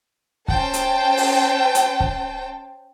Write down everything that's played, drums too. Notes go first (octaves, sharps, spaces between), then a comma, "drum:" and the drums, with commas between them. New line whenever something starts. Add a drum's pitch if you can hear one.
C#4 C5 G5 A5, drum: kick
drum: hi-hat
drum: open hi-hat
drum: hi-hat
drum: kick